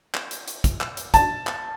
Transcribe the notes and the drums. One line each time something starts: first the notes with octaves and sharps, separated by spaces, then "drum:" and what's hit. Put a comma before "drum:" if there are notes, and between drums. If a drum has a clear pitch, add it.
drum: clap
drum: hi-hat
drum: hi-hat
drum: kick, hi-hat
drum: clap
drum: hi-hat
A5, drum: kick, hi-hat
drum: clap